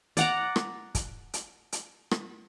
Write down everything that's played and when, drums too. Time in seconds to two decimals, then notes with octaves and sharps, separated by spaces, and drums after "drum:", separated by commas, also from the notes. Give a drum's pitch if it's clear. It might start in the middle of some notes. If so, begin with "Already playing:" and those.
0.17 D5 F#5 A#5, drum: hi-hat
0.56 drum: rim click
0.95 drum: kick, hi-hat
1.34 drum: hi-hat
1.72 drum: hi-hat
2.11 drum: rim click